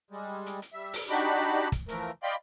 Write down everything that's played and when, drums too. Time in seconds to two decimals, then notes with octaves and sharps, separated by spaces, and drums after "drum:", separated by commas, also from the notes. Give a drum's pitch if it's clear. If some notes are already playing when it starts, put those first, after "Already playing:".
0.11 G3 G#3
0.46 drum: hi-hat
0.62 drum: hi-hat
0.73 G3 E5
0.93 drum: open hi-hat
1.09 D4 D#4 F#4 G4 B5
1.72 drum: kick, hi-hat
1.89 E3 F3 A3 A#4, drum: hi-hat
2.23 D5 D#5 F5 G5 B5 C6